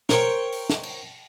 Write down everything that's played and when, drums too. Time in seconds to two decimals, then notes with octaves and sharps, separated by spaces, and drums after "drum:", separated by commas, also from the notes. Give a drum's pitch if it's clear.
0.09 A#4 C5 C#5 G5 C#6, drum: snare
0.52 drum: open hi-hat
0.70 drum: snare
0.83 drum: cymbal